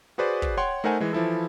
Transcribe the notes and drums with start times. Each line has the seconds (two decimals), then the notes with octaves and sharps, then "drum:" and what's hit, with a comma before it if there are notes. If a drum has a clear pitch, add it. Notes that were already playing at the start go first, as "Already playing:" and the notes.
0.18 F#4 G#4 B4 C5 D5
0.42 drum: kick
0.57 C#5 F#5 G5 C6 C#6
0.84 A3 D#4 A#4 C5 F#5 G#5
1.00 E3 G#3
1.13 E3 F3 E4 A4